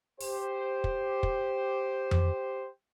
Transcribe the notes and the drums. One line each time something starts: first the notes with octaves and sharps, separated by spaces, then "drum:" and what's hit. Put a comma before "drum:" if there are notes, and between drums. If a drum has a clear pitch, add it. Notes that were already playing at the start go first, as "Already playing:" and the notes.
G4 C5, drum: open hi-hat
drum: kick
drum: kick
drum: tom F2